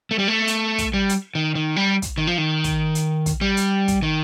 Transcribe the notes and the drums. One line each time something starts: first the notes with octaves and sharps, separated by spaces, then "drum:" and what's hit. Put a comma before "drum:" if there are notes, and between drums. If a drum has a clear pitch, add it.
A3
G3
A3
drum: hi-hat
drum: kick, hi-hat
G3
drum: hi-hat
D#3
D#3
G3
drum: kick, hi-hat
D#3
F3
D#3
drum: kick, hi-hat
drum: hi-hat
drum: kick, hi-hat
G3
drum: hi-hat
drum: kick, hi-hat
D#3